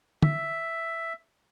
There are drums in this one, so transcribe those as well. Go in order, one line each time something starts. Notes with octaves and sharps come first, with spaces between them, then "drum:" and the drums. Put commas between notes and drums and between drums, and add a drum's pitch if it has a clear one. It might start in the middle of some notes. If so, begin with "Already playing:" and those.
E5, drum: tom